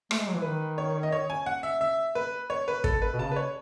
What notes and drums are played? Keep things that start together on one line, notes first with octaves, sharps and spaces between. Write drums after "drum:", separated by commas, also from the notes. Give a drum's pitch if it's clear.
A3, drum: rim click
G#3
F#3
E3
D#3 B4
C#5
D#5
C#5
G#5
F#5
E5
E5
B4
C#5
B4
A4, drum: kick
B4
B2
C#3 A5
B4
C#5